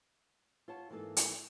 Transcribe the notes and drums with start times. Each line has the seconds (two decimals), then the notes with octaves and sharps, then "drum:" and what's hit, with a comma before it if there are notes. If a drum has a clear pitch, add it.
0.68 F4 C#5 F#5 A5
0.90 G#2 E3 A#3 F4 A4
1.17 drum: hi-hat